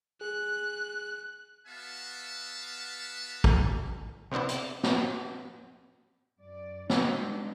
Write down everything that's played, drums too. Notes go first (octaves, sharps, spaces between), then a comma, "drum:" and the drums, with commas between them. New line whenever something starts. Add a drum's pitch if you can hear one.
G#4 F#6
B3 F#4 E5 F5 A5
drum: kick
C3 B3 C4 D4 E4
drum: hi-hat
drum: snare
F#2 D5
G3 G#3 D4 D#4, drum: snare